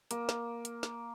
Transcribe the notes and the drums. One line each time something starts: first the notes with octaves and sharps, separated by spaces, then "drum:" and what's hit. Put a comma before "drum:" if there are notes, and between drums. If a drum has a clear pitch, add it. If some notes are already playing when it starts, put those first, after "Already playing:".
A#3, drum: hi-hat
drum: snare
drum: hi-hat
drum: snare